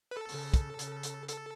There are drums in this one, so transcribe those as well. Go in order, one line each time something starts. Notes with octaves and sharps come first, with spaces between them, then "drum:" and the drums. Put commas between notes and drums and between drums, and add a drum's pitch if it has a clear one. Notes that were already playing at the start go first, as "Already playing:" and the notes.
B4
A4
C#3, drum: open hi-hat
drum: kick, hi-hat
C#3, drum: hi-hat
drum: hi-hat
A4, drum: hi-hat